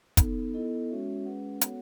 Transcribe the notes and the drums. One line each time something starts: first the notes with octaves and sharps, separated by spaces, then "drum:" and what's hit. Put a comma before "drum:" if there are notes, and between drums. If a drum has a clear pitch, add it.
B3 D#4 A4, drum: kick, hi-hat
B3 E4 A4 D#5
G#3 C#4 F#4 C#5 E5
G#3 C#4 G#4 B4 F#5
B3 F#4 A4 C#5 F#5, drum: hi-hat